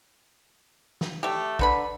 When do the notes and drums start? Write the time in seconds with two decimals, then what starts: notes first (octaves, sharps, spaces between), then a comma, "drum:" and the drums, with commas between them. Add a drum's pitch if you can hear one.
1.01 drum: snare
1.23 A3 G4
1.59 D3 B4 B5, drum: kick